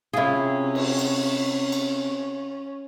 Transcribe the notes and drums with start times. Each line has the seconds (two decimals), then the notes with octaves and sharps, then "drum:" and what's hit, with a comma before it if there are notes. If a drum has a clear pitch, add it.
0.13 C3 C#4 E4 F4 G#4
0.75 drum: cymbal
0.99 drum: cymbal
1.72 drum: cymbal